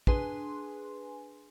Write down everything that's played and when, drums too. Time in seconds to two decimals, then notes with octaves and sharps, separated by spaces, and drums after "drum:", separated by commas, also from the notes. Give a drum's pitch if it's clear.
0.07 D4 G#4 B4 G#5 C6, drum: kick